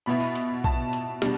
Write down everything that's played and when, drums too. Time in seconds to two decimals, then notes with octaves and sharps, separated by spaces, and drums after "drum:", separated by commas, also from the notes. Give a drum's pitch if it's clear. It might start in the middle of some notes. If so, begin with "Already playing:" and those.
0.06 B2 B3 E4 B5
0.35 drum: hi-hat
0.64 A5, drum: kick
0.93 drum: hi-hat
1.22 B2 G3 D4, drum: snare